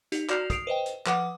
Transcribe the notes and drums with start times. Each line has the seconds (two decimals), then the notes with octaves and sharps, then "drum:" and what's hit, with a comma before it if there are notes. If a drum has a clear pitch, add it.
0.12 D#4 G4, drum: hi-hat
0.29 F#4 D5 F6 G6 C7 F7, drum: clap
0.50 D#6 C7 D7 F7, drum: kick, hi-hat
0.67 B4 C5 D#5 G5
0.86 drum: hi-hat
1.06 F3 B4 F#5 D6, drum: clap